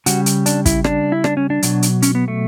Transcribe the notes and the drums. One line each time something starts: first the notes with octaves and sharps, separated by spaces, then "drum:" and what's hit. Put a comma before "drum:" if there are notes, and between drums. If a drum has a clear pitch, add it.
C#3 G3 F#4, drum: hi-hat
drum: hi-hat
D4, drum: hi-hat
E4, drum: kick, hi-hat
D4, drum: rim click
E4
D4, drum: rim click
C#4
D4
B2 F#3, drum: hi-hat
drum: hi-hat
C#4, drum: hi-hat
B3
A3